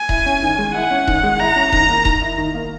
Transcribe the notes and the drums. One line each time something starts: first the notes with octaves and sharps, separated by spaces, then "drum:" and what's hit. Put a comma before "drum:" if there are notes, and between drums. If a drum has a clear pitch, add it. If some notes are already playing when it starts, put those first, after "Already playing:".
Already playing: G#5
E4, drum: kick D#1
C#4
D#3
G#3
E4 F#5
C#4
D#3, drum: kick D#1
G#3
E4 A#5
C#4
D#3 A#5, drum: kick D#1
A#3
D#3, drum: kick D#1
E4
D#3
A#3